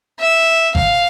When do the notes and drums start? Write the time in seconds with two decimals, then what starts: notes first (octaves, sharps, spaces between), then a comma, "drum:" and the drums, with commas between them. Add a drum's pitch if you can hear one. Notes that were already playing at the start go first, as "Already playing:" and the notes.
0.19 E5
0.75 F5, drum: kick G#1